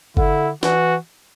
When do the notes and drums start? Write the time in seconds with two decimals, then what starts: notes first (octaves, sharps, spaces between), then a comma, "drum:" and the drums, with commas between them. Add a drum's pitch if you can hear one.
0.17 D3 E4, drum: kick G1
0.63 E3 F#4, drum: snare